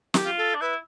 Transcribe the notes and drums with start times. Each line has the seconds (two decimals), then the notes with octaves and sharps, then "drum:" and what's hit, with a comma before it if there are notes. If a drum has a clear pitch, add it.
0.14 G4, drum: snare
0.26 F4
0.38 A4
0.54 D4
0.61 E4 B4